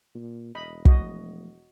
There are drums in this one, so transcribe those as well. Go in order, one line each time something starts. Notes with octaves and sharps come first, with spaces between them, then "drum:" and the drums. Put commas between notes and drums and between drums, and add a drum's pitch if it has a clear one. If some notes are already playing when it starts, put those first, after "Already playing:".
A#2
E1 D#5 B5
F3 A3 F#4 D#5, drum: kick